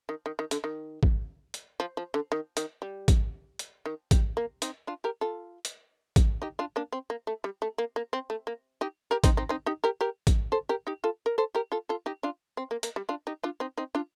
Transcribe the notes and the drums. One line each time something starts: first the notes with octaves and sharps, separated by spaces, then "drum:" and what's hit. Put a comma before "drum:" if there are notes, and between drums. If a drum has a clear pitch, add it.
D#3
D#3
D#3
D3, drum: hi-hat
D#3
drum: kick A1
drum: hi-hat
F3
F3
D3
D#3
D#3, drum: hi-hat
G3
drum: kick A1, hi-hat
drum: hi-hat
D#3
G3, drum: kick A1, hi-hat
A#3
C4 D#4, drum: hi-hat
D4 F4
G4 A#4
F4 A4
drum: hi-hat
drum: kick A1, hi-hat
D#4 G4
D4 F4
A#3 D4
C4
A#3
A3
G3
A3
A#3
A#3
C4
A3
A#3
D#4 G4
G4 A#4
C4 D#4, drum: kick A1, hi-hat
C4 D#4
C4 D#4
D#4 G4
G4 A#4
G4 A#4
drum: kick A1, hi-hat
A4 C5
G4 A#4
D#4 G4
F4 A4
A#4
A4 C5
G4 A#4
F4 A4
F4 A4
D#4 G4
D4 F4
C4
A#3
A#3, drum: hi-hat
G3
D4 F4
D#4 G4
D4 F4
C4 D#4
C4 D#4
D4 F4